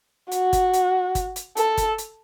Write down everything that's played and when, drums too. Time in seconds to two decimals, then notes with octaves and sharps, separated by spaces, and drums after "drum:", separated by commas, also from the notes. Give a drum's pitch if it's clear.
0.32 F#4, drum: hi-hat
0.53 drum: kick G1, hi-hat
0.74 drum: hi-hat
1.15 drum: kick G1, hi-hat
1.36 drum: hi-hat
1.57 A4, drum: hi-hat
1.78 drum: kick G1, hi-hat
1.98 drum: hi-hat